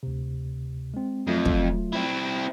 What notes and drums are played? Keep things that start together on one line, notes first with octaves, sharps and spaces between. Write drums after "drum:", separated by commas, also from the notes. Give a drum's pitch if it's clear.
D2 C3
G#3 C4
F2 F#3 A3 F4
drum: kick
C4 E4